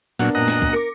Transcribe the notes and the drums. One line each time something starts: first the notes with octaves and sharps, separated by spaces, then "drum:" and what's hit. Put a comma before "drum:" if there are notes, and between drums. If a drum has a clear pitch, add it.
A#2 F#3 B3 D4 A#4 F#5, drum: open hi-hat
F#2 A#2 C4 D#5 F#5 A#5
drum: snare
drum: kick
A#4 D6 A#6 C#7